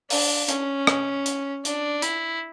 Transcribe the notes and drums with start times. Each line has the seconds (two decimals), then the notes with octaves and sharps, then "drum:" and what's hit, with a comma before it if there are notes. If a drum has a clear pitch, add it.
0.10 D4, drum: open hi-hat
0.48 C#4, drum: hi-hat
0.87 drum: rim click
1.26 drum: hi-hat
1.65 D4, drum: hi-hat
2.02 E4, drum: hi-hat